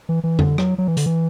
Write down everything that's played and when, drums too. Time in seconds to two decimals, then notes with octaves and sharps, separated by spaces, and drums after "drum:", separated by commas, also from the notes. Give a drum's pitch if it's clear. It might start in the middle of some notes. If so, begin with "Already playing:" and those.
0.09 E3
0.24 E3
0.39 D3, drum: tom F2
0.58 F#3, drum: rim click
0.78 F#3
0.87 E3
0.97 D3, drum: hi-hat
1.06 E3